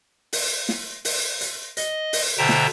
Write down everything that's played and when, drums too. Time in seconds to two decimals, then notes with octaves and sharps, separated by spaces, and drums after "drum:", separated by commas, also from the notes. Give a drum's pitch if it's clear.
0.33 drum: open hi-hat
0.69 drum: snare
1.05 drum: open hi-hat
1.41 drum: hi-hat
1.77 D#5, drum: hi-hat
2.13 drum: open hi-hat
2.38 B2 D3 C5 E5 G5 A#5
2.49 drum: snare